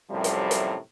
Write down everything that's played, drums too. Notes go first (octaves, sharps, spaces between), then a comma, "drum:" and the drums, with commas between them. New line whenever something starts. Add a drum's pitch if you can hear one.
F#2 A2 C3 F3 G3
drum: hi-hat
drum: hi-hat